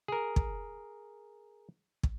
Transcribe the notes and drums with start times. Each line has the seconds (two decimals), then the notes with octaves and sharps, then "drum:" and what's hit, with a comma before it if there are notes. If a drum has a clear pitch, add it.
0.08 G#4 A#4
0.36 drum: kick
2.03 drum: kick